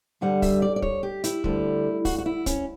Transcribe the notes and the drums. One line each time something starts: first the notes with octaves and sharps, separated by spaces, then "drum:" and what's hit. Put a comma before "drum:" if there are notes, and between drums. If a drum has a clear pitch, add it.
G2 D3 G3 F#5
E5, drum: kick, open hi-hat
D5
D5
C#5, drum: kick
G4
E4, drum: hi-hat
D2 D3 G3, drum: kick
F#4, drum: kick, open hi-hat
F#4
E4
C#4, drum: kick, hi-hat